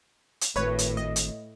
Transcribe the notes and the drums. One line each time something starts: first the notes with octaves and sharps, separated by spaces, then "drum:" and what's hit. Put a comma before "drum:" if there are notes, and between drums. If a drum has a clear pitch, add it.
drum: hi-hat
G#1 A2 B4 C#5
drum: hi-hat
D#5
drum: hi-hat